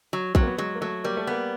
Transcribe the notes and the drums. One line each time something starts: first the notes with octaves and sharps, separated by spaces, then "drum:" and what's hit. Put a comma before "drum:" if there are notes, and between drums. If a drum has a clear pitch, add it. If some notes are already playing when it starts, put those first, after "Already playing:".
F#3
F#3 C4, drum: kick
A#3
B3
F#3 G#3
A#3
F#3 A3
G3 A#3
A3
A#3 B3